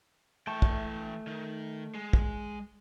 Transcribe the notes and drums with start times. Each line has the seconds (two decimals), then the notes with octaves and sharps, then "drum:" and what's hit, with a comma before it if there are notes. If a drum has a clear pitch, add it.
0.47 E3 A3 G5 A5 C#6
0.62 drum: kick
1.27 D#3
1.95 G#3
2.13 drum: kick